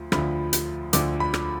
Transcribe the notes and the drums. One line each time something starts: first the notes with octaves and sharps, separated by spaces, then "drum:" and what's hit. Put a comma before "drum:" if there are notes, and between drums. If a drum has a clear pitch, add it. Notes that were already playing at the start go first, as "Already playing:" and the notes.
Already playing: D2 F3
D2 D3 F3 B5, drum: rim click
drum: hi-hat
D2 D3 F3 D6, drum: hi-hat
B5
drum: rim click